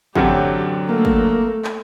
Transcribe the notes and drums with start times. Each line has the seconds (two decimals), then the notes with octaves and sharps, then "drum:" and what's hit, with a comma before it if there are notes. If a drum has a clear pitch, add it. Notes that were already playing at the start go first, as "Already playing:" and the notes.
0.15 A1 F#2 D3 F#3 C4 F#4 G4, drum: kick
0.89 A3 A#3
1.05 drum: kick
1.64 drum: clap